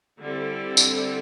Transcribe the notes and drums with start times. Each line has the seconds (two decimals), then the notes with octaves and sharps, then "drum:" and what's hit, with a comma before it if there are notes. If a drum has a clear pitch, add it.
0.19 D3 G3 C4 E4 A4
0.77 drum: tambourine